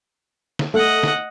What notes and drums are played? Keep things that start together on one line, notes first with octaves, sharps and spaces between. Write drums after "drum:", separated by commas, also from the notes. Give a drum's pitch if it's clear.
drum: snare
A3 D#5 F#5
drum: snare